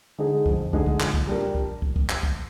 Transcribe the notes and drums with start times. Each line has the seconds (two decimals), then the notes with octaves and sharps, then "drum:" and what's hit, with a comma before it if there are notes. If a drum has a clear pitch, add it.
0.18 D3 G#3 D#4 G#4
0.46 F2, drum: kick
0.73 D3 G#3 D#4 G#4, drum: kick
0.86 drum: kick
1.00 A#2, drum: clap
1.14 drum: kick
1.27 G3 D4 G4 A#4
1.55 drum: kick
1.82 drum: kick
1.96 drum: kick
2.10 drum: clap
2.23 drum: kick